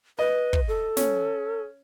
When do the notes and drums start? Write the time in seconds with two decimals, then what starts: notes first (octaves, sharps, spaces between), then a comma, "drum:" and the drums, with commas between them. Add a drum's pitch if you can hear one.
0.19 B4 D#5
0.53 drum: kick
0.68 A4
0.97 C#4, drum: snare